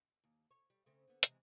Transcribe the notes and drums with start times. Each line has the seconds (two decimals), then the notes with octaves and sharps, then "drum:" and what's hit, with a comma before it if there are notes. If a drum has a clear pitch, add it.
0.24 D#2
0.51 C#5
0.70 G3
0.86 C#3 A3 C4
1.08 D3 B3
1.23 C3 E3 G#3, drum: hi-hat